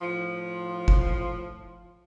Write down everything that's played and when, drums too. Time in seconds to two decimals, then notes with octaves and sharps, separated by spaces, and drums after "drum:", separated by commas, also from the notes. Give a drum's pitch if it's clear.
0.01 A2 F3
0.88 drum: kick G1